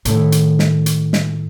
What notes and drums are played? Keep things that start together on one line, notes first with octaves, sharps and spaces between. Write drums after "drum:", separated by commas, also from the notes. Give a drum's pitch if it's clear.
A2 D#3, drum: hi-hat
drum: hi-hat
drum: snare
drum: hi-hat
drum: snare